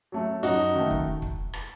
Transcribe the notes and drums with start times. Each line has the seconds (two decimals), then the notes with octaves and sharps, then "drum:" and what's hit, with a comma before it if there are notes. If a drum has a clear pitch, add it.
0.12 F#3 A3
0.43 F#2 D#4 F#4
0.75 D#3 A3
0.91 drum: kick
1.22 drum: kick
1.53 drum: rim click